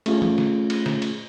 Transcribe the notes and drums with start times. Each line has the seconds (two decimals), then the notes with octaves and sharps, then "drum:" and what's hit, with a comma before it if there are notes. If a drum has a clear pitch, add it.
0.06 A3 C#4 F4 G#4, drum: cymbal
0.22 drum: tom
0.38 drum: snare
0.70 drum: cymbal
0.86 drum: snare
1.02 drum: cymbal